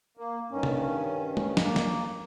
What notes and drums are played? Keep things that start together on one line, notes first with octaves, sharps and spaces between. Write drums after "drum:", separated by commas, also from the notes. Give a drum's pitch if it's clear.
A#3
G2 D#3 C#4
drum: tom
drum: tom
A#3, drum: snare
drum: snare